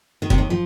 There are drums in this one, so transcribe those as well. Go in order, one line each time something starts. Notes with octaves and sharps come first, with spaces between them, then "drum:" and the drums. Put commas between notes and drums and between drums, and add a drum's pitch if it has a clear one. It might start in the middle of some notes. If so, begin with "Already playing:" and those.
D#3
C3, drum: kick
D#2 D#3
F3